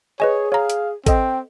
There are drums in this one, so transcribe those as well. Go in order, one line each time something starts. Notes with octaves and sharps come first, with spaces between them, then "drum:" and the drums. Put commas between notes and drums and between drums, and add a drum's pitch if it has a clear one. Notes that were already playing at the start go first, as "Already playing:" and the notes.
G#4 B4 C#5 D#5 G#5
C#5 F5 A#5
drum: hi-hat
C4 A4 D#5 G5, drum: kick A1, hi-hat